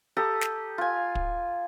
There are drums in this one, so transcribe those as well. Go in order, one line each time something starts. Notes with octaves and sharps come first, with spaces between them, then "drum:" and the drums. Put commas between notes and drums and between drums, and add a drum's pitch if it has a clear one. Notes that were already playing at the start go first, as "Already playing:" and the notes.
G4 A4 A#5 D#6
drum: snare
F4 G#5
drum: kick